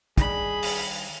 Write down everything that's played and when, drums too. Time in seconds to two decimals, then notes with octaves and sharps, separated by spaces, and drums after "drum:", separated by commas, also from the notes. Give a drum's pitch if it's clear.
0.17 D#3 G3 D4 G#4 B5, drum: kick, hi-hat
0.63 drum: open hi-hat